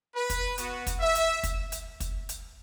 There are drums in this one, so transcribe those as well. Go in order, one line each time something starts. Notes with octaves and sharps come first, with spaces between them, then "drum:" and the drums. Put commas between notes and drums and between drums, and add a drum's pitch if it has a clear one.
B4
drum: kick, hi-hat
B3 F#4, drum: hi-hat
drum: kick, hi-hat
E5
drum: hi-hat
drum: kick, hi-hat
drum: hi-hat
drum: kick, hi-hat
drum: hi-hat